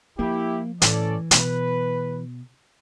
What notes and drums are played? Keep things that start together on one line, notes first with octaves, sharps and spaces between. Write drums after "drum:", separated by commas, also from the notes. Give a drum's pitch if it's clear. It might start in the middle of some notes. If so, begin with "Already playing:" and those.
F3 A#3 E4 G4
A2 E3 C#4 A4 D5, drum: hi-hat
B2 B3 B4, drum: hi-hat